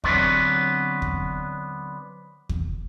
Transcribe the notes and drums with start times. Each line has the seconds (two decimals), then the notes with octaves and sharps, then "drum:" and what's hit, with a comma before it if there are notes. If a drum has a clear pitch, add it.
0.04 D3 F#3 G3 B3 C4 D4, drum: kick
1.02 drum: kick
2.49 drum: kick